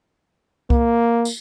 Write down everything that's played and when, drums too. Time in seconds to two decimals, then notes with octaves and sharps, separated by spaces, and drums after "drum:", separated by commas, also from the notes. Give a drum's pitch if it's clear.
0.70 A#3, drum: kick C2
1.25 drum: tambourine